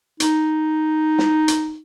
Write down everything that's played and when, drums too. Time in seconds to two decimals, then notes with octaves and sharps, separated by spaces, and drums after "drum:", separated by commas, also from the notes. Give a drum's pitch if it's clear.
0.20 D#4, drum: hi-hat
1.18 drum: snare
1.48 drum: hi-hat